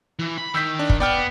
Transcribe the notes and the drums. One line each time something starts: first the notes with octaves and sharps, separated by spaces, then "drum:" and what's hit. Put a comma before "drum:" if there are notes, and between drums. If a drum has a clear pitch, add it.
E3
B5
D#3 E6 G6 B6
D4
drum: kick
B3 D5 G5 F6